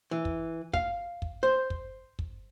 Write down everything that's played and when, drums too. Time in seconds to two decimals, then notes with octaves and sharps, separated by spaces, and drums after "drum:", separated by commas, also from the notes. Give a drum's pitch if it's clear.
0.11 E3
0.25 drum: kick
0.74 F5, drum: kick
1.22 drum: kick
1.43 C5
1.70 drum: kick
2.19 drum: kick